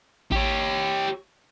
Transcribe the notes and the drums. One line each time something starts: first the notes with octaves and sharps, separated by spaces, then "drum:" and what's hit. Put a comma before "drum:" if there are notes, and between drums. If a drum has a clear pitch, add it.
G4 C#5, drum: kick A1